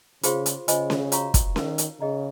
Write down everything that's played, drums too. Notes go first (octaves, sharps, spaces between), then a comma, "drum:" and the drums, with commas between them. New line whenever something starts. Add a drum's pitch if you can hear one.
C#3 F4 G#4 C5 F5 C6, drum: hi-hat
drum: hi-hat
C#3 F4 C5 D#5 G#5, drum: hi-hat
drum: snare C#4
F#4 C#5 F5 A#5 C#6, drum: hi-hat
drum: kick, hi-hat
D#3 D#4 A#4 F5, drum: snare C#4
drum: hi-hat
C#3 G#4 D#5 A#5